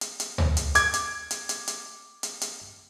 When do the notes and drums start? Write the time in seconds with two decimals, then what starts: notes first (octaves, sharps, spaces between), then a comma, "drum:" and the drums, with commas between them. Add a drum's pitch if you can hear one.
0.01 drum: hi-hat
0.20 drum: hi-hat
0.38 drum: tom
0.57 drum: hi-hat
0.75 D6 G#6, drum: hi-hat
0.94 drum: hi-hat
1.31 drum: hi-hat
1.49 drum: hi-hat
1.68 drum: hi-hat
2.23 drum: hi-hat
2.41 drum: hi-hat